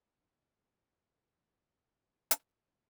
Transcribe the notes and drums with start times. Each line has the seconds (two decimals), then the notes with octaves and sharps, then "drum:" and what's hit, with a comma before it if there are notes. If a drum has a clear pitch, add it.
0.21 E4 C#5 D5 F5
1.10 D#3 F3 F#3 F4 B4 F#5
1.47 F#3 G3 C4 D4 F#5 G#5 D6
1.76 A1 B3 A4 B4 F#5
1.97 G3 D4
2.31 drum: hi-hat